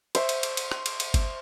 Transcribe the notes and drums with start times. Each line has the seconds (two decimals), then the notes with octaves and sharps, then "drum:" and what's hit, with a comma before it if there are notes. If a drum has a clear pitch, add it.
0.15 C5 E5 C#6, drum: cymbal
0.29 drum: cymbal
0.43 drum: cymbal
0.57 drum: cymbal
0.72 drum: rim click
0.86 drum: cymbal
1.00 drum: cymbal
1.14 drum: kick G1, cymbal